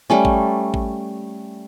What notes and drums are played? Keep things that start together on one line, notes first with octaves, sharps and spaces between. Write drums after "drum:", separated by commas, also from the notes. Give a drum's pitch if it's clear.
G3 A3 C#4
drum: kick G#1
drum: kick G#1